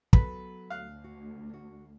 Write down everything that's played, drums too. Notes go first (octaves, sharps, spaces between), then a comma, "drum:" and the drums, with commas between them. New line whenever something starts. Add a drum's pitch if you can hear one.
F#3 B3 A4 B4, drum: kick
D2 F5 F#6
F#4
D4 F#4